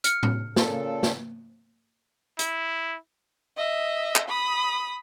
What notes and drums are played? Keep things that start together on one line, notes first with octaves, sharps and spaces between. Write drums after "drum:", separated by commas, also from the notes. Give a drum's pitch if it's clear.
F6 C#7, drum: hi-hat
drum: tom A2
A#2 C#3 A4, drum: snare
drum: snare
E4, drum: hi-hat
D#5 E5
drum: clap
B5 D#6